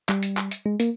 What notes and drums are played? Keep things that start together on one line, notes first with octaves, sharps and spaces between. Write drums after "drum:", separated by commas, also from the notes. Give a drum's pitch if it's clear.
G3, drum: clap
drum: hi-hat
drum: clap
drum: hi-hat
G#3
A#3, drum: hi-hat